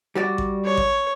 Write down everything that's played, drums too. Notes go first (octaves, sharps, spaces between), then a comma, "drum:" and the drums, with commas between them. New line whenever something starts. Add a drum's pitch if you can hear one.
G3 F#4 D5
drum: kick A1
C#5
drum: kick A1